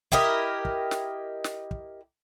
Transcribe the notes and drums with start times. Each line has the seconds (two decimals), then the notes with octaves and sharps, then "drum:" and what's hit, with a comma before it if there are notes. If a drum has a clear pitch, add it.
0.12 E4 G4 A#4 D#5, drum: kick
0.65 drum: kick
0.91 drum: snare
1.44 drum: snare
1.71 drum: kick